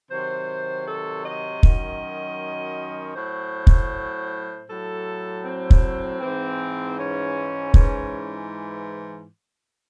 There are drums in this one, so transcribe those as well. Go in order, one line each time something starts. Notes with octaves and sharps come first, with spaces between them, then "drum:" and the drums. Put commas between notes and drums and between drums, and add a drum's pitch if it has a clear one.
C3 D#3 F#3 C5
A4
D#5
F#2 D#3 F#3, drum: kick
A2 F#3 C5
drum: kick
A2 F#3 A4
C4
drum: kick
G#2 E3 C4
C#4
G#2 E3, drum: kick